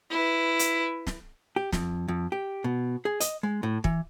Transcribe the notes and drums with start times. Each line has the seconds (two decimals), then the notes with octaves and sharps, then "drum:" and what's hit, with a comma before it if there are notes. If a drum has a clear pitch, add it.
0.11 E4 B4
0.59 drum: hi-hat
1.07 drum: snare
1.56 G4
1.72 F2, drum: snare
2.08 F2
2.32 G4
2.64 B2
3.05 G#4
3.20 D#5, drum: hi-hat
3.43 G#3
3.63 A2
3.84 E3, drum: kick